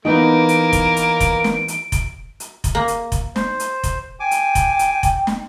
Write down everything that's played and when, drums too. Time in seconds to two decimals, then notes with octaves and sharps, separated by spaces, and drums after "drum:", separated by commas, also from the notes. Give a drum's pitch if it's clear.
0.05 E3 A#3 B3 D#4 B4 D7
0.49 drum: hi-hat
0.73 drum: kick F1, hi-hat
0.96 drum: hi-hat
1.20 drum: kick F1, hi-hat
1.44 drum: snare
1.68 drum: hi-hat
1.92 drum: kick F1, hi-hat
2.40 drum: hi-hat
2.64 drum: kick F1, hi-hat
2.75 A#3
2.88 drum: hi-hat
3.12 drum: kick F1, hi-hat
3.36 C5, drum: snare
3.60 drum: hi-hat
3.83 drum: kick F1, hi-hat
4.20 G5 G#5 D6
4.31 drum: hi-hat
4.55 drum: kick F1, hi-hat
4.79 drum: hi-hat
5.03 drum: kick F1, hi-hat
5.27 drum: snare